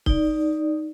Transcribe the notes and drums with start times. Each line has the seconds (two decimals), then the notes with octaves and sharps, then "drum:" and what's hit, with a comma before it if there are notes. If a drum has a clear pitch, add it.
0.06 D#4 D5, drum: kick C#1